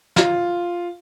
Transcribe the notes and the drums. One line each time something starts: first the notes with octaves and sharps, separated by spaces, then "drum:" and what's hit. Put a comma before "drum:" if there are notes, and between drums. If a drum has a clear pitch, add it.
F4, drum: snare